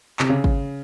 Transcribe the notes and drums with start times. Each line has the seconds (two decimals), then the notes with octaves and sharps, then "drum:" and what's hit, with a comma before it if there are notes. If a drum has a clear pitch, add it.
0.20 C3, drum: clap
0.29 C#3
0.44 drum: kick